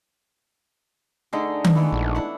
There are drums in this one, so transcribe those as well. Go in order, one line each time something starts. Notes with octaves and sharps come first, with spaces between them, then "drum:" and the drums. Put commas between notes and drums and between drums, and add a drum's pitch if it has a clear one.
D3 A3 D#4 G#4 D#5
drum: tom D#3
E3 G#3 A3 B3
A#1
D4 E4 F#5